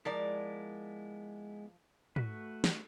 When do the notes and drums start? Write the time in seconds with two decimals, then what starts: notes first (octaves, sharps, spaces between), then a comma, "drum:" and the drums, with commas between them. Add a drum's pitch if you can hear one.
0.05 F3 G#3 B3 E4 A#4 D5
2.16 A3 F#4 B4, drum: tom
2.64 drum: snare